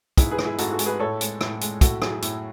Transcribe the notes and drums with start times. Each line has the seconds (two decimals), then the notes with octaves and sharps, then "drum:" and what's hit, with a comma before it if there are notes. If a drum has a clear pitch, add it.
0.17 G#2 E4 G#4, drum: kick, hi-hat
0.31 G#4 B4
0.39 G#3, drum: rim click
0.45 E4 G#4
0.58 G#2 F#4 A4, drum: hi-hat
0.72 F#4 A4
0.79 G#3, drum: hi-hat
0.86 G#4 B4
1.00 A2 A4 C#5
1.21 G#3, drum: hi-hat
1.41 A2, drum: rim click
1.61 G#3, drum: hi-hat
1.81 A2 F#4 A4, drum: kick, hi-hat
2.02 F#3 E4 G#4, drum: rim click
2.22 A2, drum: hi-hat